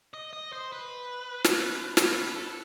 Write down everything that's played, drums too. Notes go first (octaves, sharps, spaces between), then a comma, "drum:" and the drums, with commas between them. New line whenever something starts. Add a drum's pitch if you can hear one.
D#5
D#5
C5
B4
drum: snare
drum: snare
B4
A4